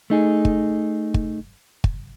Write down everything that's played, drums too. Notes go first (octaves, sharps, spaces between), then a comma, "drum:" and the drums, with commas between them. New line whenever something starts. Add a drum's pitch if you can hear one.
A3 D#4 G#4
drum: kick
drum: kick
drum: kick